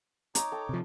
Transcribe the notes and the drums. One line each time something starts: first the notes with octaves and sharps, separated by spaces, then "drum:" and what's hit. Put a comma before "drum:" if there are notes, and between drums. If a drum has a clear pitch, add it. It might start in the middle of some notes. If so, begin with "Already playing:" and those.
D#4 C#5 A#5 D6, drum: hi-hat
A4 G5
C3 F3